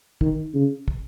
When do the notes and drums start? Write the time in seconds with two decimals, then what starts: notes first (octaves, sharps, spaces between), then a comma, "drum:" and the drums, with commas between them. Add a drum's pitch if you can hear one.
0.21 D#3, drum: kick
0.54 C#3
0.88 drum: kick